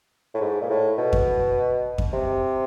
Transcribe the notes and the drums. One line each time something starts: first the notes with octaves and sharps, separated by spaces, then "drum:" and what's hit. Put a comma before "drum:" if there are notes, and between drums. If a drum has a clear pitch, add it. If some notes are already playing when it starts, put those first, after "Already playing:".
A2
G#2
A#2
A2
B2
drum: kick F2
drum: kick F2
C3